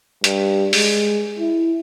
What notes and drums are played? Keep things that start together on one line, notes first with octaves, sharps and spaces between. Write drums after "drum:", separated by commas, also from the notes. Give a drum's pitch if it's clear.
G2, drum: hi-hat
G#3, drum: open hi-hat
E4